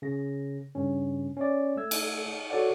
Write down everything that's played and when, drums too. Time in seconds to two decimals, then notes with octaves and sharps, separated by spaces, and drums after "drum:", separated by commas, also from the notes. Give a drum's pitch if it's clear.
0.02 C#3 A#6
0.75 G2 C#3 C#4
1.37 C#4 C#5 D5
1.77 A3 E6 G#6
1.91 drum: cymbal
2.50 F#4 A4 C#5 D5 F#5